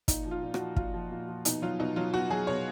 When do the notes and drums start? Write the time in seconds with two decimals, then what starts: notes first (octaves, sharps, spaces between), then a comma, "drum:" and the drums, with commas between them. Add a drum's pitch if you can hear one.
0.08 A#2 D#4, drum: kick, hi-hat
0.25 F3
0.31 F4
0.42 A#2
0.54 F#4, drum: rim click
0.59 F3
0.76 A#2 F4, drum: kick
0.94 F3
1.11 A#2
1.28 F3
1.45 B2 D#4, drum: hi-hat
1.62 F#3 F4
1.79 B2 D#4
1.96 F#3 F4
2.13 B2 F#4
2.30 F#3 G#4
2.47 B2 C#5